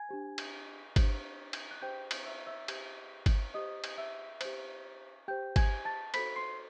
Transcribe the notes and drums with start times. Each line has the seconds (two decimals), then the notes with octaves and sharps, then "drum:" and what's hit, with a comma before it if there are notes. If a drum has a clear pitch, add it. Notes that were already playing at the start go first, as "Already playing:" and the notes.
Already playing: G#5 G#6
0.09 D4 G4 C5
0.38 drum: cymbal
0.96 D4 G4 C5, drum: kick G1, cymbal
1.53 drum: cymbal
1.71 F#6
1.81 D4 G4 C5 G5 G6
2.11 drum: cymbal
2.25 E5 E6
2.47 E5 E6
2.68 G4 C5, drum: cymbal
3.26 drum: kick G1, cymbal
3.54 G4 C5 D#5 D#6
3.84 drum: cymbal
3.98 E5 E6
4.41 G4 C5, drum: cymbal
5.28 G4 C5 G5 G6
5.56 G#5 G#6, drum: kick G1, cymbal
5.85 A5 A6
6.14 F#4 A4 C5 B5 B6, drum: cymbal
6.36 C6 C7